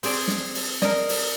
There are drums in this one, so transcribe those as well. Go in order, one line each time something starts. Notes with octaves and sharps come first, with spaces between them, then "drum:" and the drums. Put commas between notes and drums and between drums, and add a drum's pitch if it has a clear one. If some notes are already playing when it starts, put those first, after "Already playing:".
C4 G#4 D5, drum: open hi-hat
drum: snare
drum: open hi-hat
A#4 D5 D#5, drum: snare
drum: open hi-hat